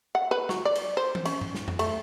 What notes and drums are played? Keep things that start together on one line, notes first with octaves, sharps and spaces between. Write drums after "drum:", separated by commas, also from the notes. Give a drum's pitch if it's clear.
F#5
B4
F#3, drum: snare
D5
drum: cymbal
C5
drum: tom E3
C#4, drum: cymbal
drum: tom G2
drum: snare
drum: tom F2
A3, drum: cymbal